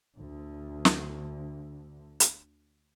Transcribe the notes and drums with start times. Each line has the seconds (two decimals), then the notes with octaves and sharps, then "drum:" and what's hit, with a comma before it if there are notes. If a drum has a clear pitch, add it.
0.18 D2 D3
0.85 drum: snare
2.20 drum: hi-hat